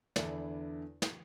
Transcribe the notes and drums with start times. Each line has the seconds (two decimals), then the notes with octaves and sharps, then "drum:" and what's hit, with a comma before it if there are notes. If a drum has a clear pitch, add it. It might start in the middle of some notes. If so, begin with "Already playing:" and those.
0.16 E2 D3 D4 E4, drum: snare
1.02 drum: snare